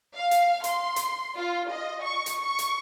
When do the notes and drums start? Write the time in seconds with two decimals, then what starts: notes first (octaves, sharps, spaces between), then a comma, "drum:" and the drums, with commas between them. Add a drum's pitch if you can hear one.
0.16 F5
0.31 drum: hi-hat
0.64 C6, drum: hi-hat
0.96 drum: hi-hat
1.36 F4
1.69 D#5
2.02 C#6
2.26 drum: hi-hat
2.40 C#6
2.59 drum: hi-hat